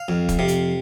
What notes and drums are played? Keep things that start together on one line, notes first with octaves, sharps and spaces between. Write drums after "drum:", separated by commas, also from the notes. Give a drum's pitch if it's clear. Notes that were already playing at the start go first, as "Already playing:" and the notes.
Already playing: F5
F2
drum: kick, hi-hat
C3
drum: hi-hat